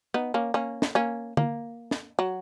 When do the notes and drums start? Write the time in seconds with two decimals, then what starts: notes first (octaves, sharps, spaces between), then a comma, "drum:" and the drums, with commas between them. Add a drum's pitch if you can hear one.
0.14 B3 D#4
0.34 A#3 C#4
0.54 A#3 C#4
0.82 drum: snare
0.95 A#3 C#4
1.37 A#3, drum: tom
1.91 drum: snare
2.19 F#3